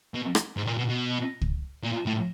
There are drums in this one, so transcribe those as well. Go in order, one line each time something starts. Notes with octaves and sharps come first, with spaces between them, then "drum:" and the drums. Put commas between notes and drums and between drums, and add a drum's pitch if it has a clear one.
B2
drum: rim click
G#2
A#2
B2
B2
drum: kick
A#2
A2